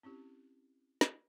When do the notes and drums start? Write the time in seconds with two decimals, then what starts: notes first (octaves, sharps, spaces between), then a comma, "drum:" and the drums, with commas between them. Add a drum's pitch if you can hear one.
0.03 C4 C#4 E4 G4
1.01 drum: snare